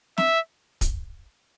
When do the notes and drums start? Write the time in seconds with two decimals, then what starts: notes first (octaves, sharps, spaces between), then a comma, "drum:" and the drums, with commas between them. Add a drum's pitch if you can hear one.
0.18 E5, drum: snare
0.81 drum: kick, hi-hat